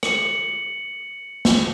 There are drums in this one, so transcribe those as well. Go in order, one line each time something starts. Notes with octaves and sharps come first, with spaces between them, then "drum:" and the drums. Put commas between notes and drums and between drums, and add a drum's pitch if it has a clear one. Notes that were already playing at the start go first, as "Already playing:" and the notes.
C#7 F#7, drum: rim click
drum: snare